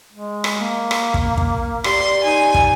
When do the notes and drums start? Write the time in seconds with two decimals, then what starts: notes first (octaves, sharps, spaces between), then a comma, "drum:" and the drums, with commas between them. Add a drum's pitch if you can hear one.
0.13 G#3
0.44 drum: rim click
0.60 A#3
0.91 drum: rim click
1.14 drum: kick
1.38 drum: kick
1.84 G4 D5 C6, drum: rim click
2.23 D#4 G#5
2.54 drum: kick